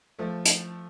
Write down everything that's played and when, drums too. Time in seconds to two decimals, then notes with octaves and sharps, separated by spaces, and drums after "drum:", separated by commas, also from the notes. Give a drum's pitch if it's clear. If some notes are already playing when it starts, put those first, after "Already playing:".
0.19 F3 A3
0.45 drum: hi-hat